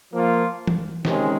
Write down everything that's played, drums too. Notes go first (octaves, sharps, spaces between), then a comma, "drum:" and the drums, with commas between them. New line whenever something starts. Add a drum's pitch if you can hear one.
F3 A#3 F4
drum: tom
C3 D#3 G#3 C#4, drum: snare